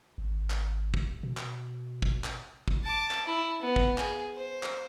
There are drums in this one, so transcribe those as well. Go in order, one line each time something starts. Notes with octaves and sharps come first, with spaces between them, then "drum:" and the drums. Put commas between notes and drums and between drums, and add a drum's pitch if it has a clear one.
G#1
drum: clap
drum: kick
B2
drum: clap
drum: kick
drum: clap
drum: kick
A5 D6
drum: clap
E4
B3
drum: kick
G#4, drum: clap
C5
drum: clap